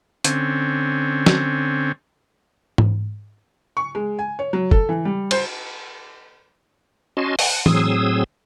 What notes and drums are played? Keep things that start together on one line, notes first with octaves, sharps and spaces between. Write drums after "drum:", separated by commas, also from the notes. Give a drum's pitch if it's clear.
D3 C4 C#4, drum: hi-hat
drum: snare
drum: tom G#2
C#6
G#3
G#5
C#5
F#3
A4, drum: kick
E3
G3
C5, drum: cymbal
C#4 F#4 D#5 G#5 A5 C6
F#5, drum: open hi-hat
A2 F#3 C4 G#4 D#6 E6, drum: tom E3